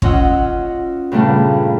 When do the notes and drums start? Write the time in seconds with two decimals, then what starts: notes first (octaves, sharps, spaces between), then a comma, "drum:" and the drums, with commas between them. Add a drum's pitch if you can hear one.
0.02 C#4 F4 D#5 F#5 E6, drum: kick
1.12 G2 A#2 C#3 A3 B3 D4